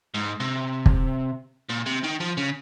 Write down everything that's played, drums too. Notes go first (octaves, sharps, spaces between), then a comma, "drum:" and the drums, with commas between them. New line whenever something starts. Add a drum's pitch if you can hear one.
G#2
C3
drum: kick
A#2
C3
D#3
F3
C#3